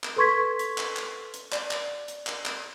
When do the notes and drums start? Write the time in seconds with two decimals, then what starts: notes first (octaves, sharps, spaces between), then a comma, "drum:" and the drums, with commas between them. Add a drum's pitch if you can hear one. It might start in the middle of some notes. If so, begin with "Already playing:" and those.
0.04 drum: clap
0.16 A4 B4 C6 C#6 G#6 B6
0.59 drum: hi-hat
0.78 drum: clap
0.97 drum: clap
1.34 drum: hi-hat
1.52 D5, drum: clap
1.71 drum: clap
2.08 drum: hi-hat
2.27 drum: clap
2.45 drum: clap